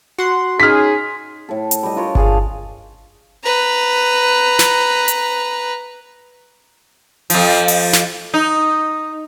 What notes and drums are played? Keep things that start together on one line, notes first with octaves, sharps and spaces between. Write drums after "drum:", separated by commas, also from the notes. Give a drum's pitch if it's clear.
F#4 F#5 C6
C#4 D#4 G#4 F6 B6
A2 A4
drum: hi-hat
G3 D#5
D4 F4 A#4 C#5
D4 G#4 D5 F5, drum: kick G1
B4 A#5
drum: snare
drum: hi-hat
F2 F3, drum: open hi-hat
drum: open hi-hat
drum: snare
D#4